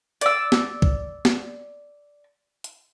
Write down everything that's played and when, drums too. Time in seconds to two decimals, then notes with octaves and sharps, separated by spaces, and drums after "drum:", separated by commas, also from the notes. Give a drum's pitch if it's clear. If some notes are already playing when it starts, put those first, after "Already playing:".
0.21 D5 E6, drum: hi-hat
0.52 drum: snare
0.82 drum: kick
1.25 drum: snare
2.64 drum: hi-hat